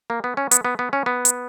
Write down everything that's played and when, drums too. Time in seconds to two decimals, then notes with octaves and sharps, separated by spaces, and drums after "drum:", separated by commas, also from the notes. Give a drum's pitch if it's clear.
0.10 A#3
0.24 B3
0.37 C#4
0.51 B3, drum: hi-hat
0.65 B3
0.79 B3
0.93 C#4
1.06 B3
1.25 drum: hi-hat